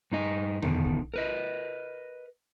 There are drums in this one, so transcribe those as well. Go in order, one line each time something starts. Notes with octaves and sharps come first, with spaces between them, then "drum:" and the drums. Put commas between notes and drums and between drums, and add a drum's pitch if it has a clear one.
G2 D#4 D#5
E2 B2 D3 D#3, drum: tom E2
drum: kick
A#4 B4 D#5